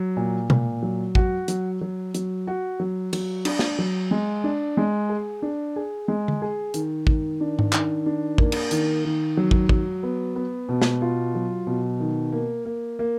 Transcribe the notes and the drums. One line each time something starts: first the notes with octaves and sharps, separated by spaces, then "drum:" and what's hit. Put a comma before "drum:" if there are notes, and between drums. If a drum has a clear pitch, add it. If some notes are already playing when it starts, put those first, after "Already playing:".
Already playing: F#3
A#2
A#2, drum: tom B2
F#3
F#4, drum: kick
F#3, drum: hi-hat
F#3
F#3, drum: hi-hat
F#4
F#3
F#3, drum: cymbal
D4, drum: cymbal
drum: snare
F#3
G#3
D4
G#3
G#4
D4
G#4
G#3
drum: tom D3
G#4
D#3, drum: hi-hat
D#3, drum: kick
D4
drum: tom G#2
D#3, drum: clap
D4
A#3, drum: kick
drum: cymbal
D#3, drum: hi-hat
D#3
F#3
drum: kick
F#3, drum: kick
B3
B3
B2
drum: snare
F4
F#3
B2
D#3
A#3
A#3
A#3